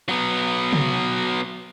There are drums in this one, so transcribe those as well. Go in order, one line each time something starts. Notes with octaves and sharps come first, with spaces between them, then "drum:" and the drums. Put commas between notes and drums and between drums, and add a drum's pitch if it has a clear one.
F#3 B3
drum: tom C3